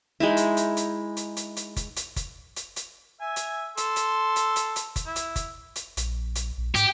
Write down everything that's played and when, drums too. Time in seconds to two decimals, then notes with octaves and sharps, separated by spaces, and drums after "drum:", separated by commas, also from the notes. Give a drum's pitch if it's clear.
0.20 G#3 D#4 E4
0.37 drum: hi-hat
0.57 drum: hi-hat
0.77 drum: hi-hat
1.17 drum: hi-hat
1.37 drum: hi-hat
1.56 drum: hi-hat
1.76 drum: kick F#1, hi-hat
1.96 drum: hi-hat
2.16 drum: kick F#1, hi-hat
2.56 drum: hi-hat
2.76 drum: hi-hat
3.21 E5 G#5
3.36 drum: hi-hat
3.77 A4 C6, drum: hi-hat
3.96 drum: hi-hat
4.36 drum: hi-hat
4.56 drum: hi-hat
4.76 drum: hi-hat
4.96 drum: kick F#1, hi-hat
5.06 E4
5.16 drum: hi-hat
5.36 drum: kick F#1, hi-hat
5.76 drum: hi-hat
5.97 A#1, drum: hi-hat
6.35 drum: hi-hat
6.58 A#1
6.75 G#2 G4, drum: hi-hat